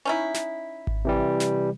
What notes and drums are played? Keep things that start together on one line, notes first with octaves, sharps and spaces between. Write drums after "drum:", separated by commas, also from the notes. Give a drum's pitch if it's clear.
C#4 D#4 E4
drum: snare
drum: kick G#1
C3 E3 G3
drum: snare